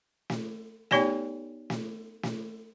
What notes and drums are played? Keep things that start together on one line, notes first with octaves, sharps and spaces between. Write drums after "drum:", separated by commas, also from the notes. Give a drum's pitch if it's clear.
drum: snare
B3 D#4 G4 C#5 D5 G#5, drum: snare
drum: snare
drum: snare